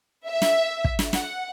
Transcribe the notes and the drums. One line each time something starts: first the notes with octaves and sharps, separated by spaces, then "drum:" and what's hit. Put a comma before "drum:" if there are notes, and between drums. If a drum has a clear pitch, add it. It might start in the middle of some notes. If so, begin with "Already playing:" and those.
E5
drum: snare
drum: kick
drum: snare
F#5, drum: snare